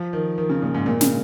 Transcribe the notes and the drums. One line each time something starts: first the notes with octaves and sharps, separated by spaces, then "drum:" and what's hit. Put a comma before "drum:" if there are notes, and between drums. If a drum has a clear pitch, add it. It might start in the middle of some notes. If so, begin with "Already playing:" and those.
Already playing: F3
D#3
D#3
C#3
A#2
G#2
A#2
C#3, drum: snare